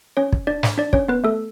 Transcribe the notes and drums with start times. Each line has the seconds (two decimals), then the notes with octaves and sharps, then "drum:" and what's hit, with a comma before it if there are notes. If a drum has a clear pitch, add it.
0.17 C#4 C#5
0.32 drum: kick
0.47 D4 D5
0.63 drum: snare
0.78 D4 D5
0.93 C#4 C#5, drum: kick
1.08 B3 B4
1.24 A3 A4